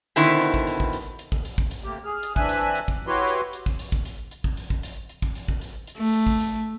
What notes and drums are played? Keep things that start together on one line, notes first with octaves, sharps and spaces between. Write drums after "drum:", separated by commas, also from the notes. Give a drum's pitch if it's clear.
B2 D3 D#3 C4 E4
drum: hi-hat
drum: kick A1
drum: hi-hat
drum: kick A1
drum: hi-hat
drum: hi-hat
drum: kick A1
drum: hi-hat
drum: kick A1
drum: hi-hat
C3 A3 A#3 G4
G#4 F6
drum: hi-hat
E3 C4 D4 E5 G#5 F#6, drum: kick A1
drum: hi-hat
drum: hi-hat
drum: kick A1
E4 F#4 G4 B4 C#5 C6
drum: hi-hat
drum: hi-hat
drum: kick A1
drum: hi-hat
drum: kick A1
drum: hi-hat
drum: hi-hat
drum: kick A1
drum: hi-hat
drum: kick A1
drum: hi-hat
drum: hi-hat
drum: kick A1
drum: hi-hat
drum: kick A1
drum: hi-hat
drum: hi-hat
A3
drum: hi-hat
drum: kick A1
drum: hi-hat